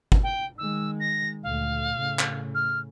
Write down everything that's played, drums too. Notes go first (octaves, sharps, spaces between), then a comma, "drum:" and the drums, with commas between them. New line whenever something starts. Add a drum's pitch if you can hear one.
drum: kick G1
G5
D#3 G#3 E6
A#6
D2 A#2 F5
A2 C#3
drum: clap
F6